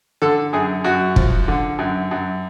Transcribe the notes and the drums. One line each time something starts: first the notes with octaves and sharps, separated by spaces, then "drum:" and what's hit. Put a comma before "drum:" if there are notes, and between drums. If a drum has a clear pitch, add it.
D3 A4
F#2 G#4
F#2 F#4
F3, drum: kick
D3
F#2
F#2